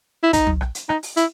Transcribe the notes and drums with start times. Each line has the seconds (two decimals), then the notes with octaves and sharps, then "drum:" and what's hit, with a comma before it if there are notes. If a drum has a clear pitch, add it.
0.23 E4
0.33 D#4, drum: kick, hi-hat
0.47 drum: tom
0.61 drum: rim click
0.75 drum: hi-hat
0.89 D#4, drum: rim click
1.03 drum: open hi-hat
1.17 E4, drum: hi-hat